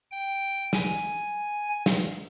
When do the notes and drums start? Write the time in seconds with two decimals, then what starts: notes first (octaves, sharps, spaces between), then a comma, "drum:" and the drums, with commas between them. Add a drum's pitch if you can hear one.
0.11 G5
0.73 G#5, drum: snare
1.86 drum: snare